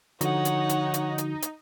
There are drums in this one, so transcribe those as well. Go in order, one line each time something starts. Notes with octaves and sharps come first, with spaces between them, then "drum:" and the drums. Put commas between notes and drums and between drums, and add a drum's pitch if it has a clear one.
D3 F3 D#4 F#4 C#5 F#5, drum: hi-hat
drum: hi-hat
drum: hi-hat
drum: hi-hat
drum: hi-hat
drum: hi-hat